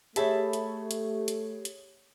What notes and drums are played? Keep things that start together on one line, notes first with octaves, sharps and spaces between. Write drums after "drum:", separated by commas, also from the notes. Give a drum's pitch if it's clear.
A3 G4 G#4 C#5 E5 A5 B5, drum: hi-hat
drum: hi-hat
drum: hi-hat
drum: hi-hat
drum: hi-hat